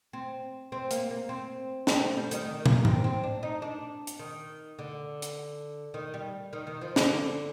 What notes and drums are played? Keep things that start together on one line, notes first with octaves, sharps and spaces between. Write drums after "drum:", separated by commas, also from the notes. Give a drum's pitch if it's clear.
C4
C4
A#3, drum: hi-hat
A#3
C4
C4, drum: snare
A3
G3
D#3, drum: hi-hat
D#3
A#3, drum: tom
C4, drum: tom G#2
C4
D4
D#4
D4
drum: hi-hat
D#3
D3
drum: hi-hat
D#3
G3
D#3
D#3
F3
D3, drum: snare